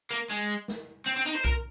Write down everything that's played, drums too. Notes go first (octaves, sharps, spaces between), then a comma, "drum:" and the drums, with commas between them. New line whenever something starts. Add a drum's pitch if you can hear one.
A#3
G#3
drum: snare
C4
C4
D#4
C5
A#4, drum: kick B1